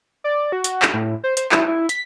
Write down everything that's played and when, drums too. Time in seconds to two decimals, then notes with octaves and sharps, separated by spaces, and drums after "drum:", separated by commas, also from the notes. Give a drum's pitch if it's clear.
0.24 D5
0.52 F#4
0.64 drum: hi-hat
0.82 drum: clap
0.93 A2
1.24 C5
1.37 C5, drum: hi-hat
1.52 E4, drum: clap
1.68 E4
1.89 B6, drum: hi-hat